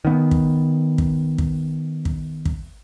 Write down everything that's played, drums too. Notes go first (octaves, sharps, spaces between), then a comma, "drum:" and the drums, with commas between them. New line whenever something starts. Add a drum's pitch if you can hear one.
D#3 B3
drum: kick
drum: kick
drum: kick
drum: kick
drum: kick